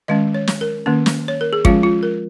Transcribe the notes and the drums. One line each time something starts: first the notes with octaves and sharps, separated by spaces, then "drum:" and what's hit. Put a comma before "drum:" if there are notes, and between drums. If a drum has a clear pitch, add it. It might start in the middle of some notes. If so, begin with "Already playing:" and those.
D#3 G#3 C#4 D#5
C#5
drum: snare
A#4
D#3 A#3 C#4
drum: snare
C#5
A#4
G#4
F3 G#3 C#4 F4, drum: kick
F4
A#4